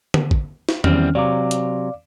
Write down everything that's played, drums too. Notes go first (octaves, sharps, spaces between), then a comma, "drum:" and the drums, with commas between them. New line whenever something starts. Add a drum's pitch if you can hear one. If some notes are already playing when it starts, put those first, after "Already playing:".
drum: tom D3
drum: kick
drum: snare
E2 D#3 G3 C4 C#4 F6, drum: tom E2
C3 F#3 D5 F5 D6
drum: hi-hat